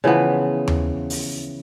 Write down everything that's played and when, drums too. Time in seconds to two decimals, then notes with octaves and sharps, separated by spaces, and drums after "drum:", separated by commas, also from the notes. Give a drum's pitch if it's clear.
0.04 C#3 E3 F3 B3
0.68 drum: tom D#2
1.10 drum: open hi-hat